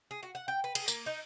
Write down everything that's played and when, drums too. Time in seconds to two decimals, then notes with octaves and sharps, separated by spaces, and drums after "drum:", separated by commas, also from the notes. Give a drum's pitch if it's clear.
0.11 G#4
0.23 F#4
0.35 F#5
0.48 G5
0.64 B4
0.75 G#4, drum: cymbal
0.88 A#3, drum: tambourine
1.06 D#4